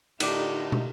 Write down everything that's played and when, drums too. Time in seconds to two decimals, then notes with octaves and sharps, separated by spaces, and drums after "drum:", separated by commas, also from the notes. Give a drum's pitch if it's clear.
0.20 A2 D3 A3 D#4 F4 G4 D5, drum: cymbal
0.72 drum: tom